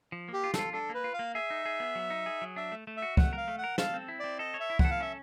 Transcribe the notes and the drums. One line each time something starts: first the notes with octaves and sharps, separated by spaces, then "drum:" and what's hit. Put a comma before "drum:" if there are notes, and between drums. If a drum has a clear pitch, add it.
F3
A#3 G4
F4
A4, drum: snare
F4
D4 A4
A#3
B4
F4
F5
A#3
G#4 E5
D#4
G#4
B3
F#3
D#4
G#4
F#3
D4 E5
A3
A3
E5
F#4
A3 F#5, drum: kick
A#4 F5
A3
F#5
A#4
A4 F5, drum: snare
C4
E4
C4 D5
A4 D#5
C#5
E5
E4
F#5, drum: kick
A4
F5
C#4 E5